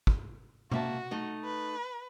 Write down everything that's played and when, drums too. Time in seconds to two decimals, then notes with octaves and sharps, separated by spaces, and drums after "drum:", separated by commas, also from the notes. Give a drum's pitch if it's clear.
0.07 drum: kick
0.72 A#3 F#4 E5 A5, drum: tom B2
1.11 A3 D#4 D#5
1.45 B4